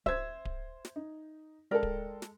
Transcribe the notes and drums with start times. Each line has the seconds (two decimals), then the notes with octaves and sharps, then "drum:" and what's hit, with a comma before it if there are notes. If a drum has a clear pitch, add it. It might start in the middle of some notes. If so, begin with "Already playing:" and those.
0.06 C5 E5 G#6, drum: kick D1
0.45 drum: kick D1
0.85 drum: snare
0.96 D#4
1.71 G#3 A4 A#4 D5 G5
1.83 drum: kick D1
2.22 drum: snare